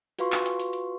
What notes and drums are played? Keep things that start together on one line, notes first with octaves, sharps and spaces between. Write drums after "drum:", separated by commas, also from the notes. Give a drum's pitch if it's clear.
F4 F#4 B4 F5 C6 C#6, drum: hi-hat
drum: clap
drum: hi-hat
drum: hi-hat
drum: hi-hat